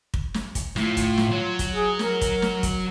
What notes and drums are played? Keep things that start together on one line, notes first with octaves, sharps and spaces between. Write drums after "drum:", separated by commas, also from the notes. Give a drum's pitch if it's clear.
drum: kick
drum: snare
drum: kick, hi-hat
A2 F4, drum: snare
drum: kick, hi-hat
drum: snare
F#3
drum: kick, hi-hat
G#4
A#4, drum: snare
drum: kick, hi-hat
drum: snare
drum: kick, hi-hat